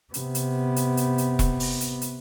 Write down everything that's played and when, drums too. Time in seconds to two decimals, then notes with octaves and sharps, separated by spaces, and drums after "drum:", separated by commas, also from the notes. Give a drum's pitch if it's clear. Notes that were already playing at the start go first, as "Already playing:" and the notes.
0.14 C3 B3, drum: hi-hat
0.35 drum: hi-hat
0.76 drum: hi-hat
0.97 drum: hi-hat
1.18 drum: hi-hat
1.39 drum: kick E1, hi-hat
1.60 drum: open hi-hat
1.81 drum: hi-hat
2.02 drum: hi-hat